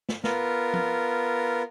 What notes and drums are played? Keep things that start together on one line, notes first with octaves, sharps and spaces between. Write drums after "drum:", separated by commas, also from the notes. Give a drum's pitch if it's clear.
drum: snare
B3 F4 A#4, drum: snare
drum: tom